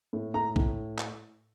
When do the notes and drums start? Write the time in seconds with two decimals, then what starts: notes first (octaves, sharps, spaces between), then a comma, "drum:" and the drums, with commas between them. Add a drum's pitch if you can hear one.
0.13 A2
0.34 A2 A#5
0.56 A2, drum: kick
0.98 drum: clap